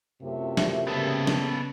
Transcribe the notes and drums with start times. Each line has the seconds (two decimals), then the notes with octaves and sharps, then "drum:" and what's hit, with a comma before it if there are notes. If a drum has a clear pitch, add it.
0.22 F#2 C3 A3 E4 F4 E5
0.57 drum: snare
0.88 C#3 G3 G#3 A#3 B3 A4
1.27 drum: snare